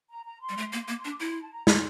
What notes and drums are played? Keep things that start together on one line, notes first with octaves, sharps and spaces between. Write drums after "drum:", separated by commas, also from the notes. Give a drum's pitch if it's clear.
A#5
A#5
C6
G3
A3
A#3
A#3 D6
C6
D4
D6
E4 C6
C6
A5
A#5
C6, drum: snare